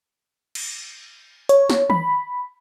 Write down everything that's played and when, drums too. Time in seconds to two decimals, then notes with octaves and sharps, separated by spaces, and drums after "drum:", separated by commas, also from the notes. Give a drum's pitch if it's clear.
0.55 drum: cymbal
1.49 C#5, drum: hi-hat
1.70 drum: snare
1.90 B5, drum: tom D#3